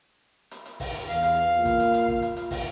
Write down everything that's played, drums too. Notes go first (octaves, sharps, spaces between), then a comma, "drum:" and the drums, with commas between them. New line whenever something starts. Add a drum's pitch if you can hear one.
drum: hi-hat
drum: hi-hat
drum: kick, open hi-hat
drum: hi-hat
E2 F5
drum: hi-hat
A#3 F4
drum: kick, hi-hat
drum: hi-hat
drum: hi-hat
drum: kick
drum: hi-hat
drum: hi-hat
drum: kick, open hi-hat